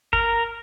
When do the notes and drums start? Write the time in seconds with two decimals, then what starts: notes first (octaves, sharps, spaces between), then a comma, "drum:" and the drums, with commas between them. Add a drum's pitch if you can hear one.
0.13 A#4, drum: kick